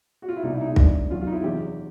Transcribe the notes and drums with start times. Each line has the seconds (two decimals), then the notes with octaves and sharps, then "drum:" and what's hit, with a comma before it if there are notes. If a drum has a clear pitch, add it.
0.22 F#4
0.29 F4
0.36 E4
0.43 C2 B2 G3 D#4
0.55 E4
0.61 D#4
0.66 E4
0.76 G2 D3 G3, drum: kick
1.10 F#2 D#3 F#3 F4
1.21 F4
1.27 D#4
1.32 E4
1.44 E2 C3 D#3 F#3 G4